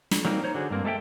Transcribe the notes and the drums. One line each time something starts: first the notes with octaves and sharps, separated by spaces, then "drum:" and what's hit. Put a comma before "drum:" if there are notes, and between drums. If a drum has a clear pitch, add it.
drum: snare
F#3 G3 A#3 C4 D#4
D#4 C5 C#5
D3 F#4 G#4
G2 A#3 C4
G#3 A3 A4 E5 G5